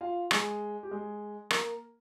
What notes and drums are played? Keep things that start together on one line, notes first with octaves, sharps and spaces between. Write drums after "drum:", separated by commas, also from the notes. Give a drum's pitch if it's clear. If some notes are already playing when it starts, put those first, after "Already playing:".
F4 F5
G#3 G#4, drum: rim click
G4
G#3 G#4
A#3 A#4, drum: rim click